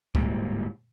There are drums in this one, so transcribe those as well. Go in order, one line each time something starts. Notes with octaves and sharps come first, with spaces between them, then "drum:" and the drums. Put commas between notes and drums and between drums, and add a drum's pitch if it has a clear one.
D1 G#2 G3 A#3, drum: kick C#2